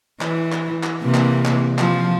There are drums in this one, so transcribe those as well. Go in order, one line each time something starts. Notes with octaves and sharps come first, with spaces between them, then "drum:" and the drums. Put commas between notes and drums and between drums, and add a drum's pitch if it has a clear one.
E3, drum: clap
drum: clap
drum: clap
C3 E3 A#3
drum: clap
drum: clap
F3, drum: clap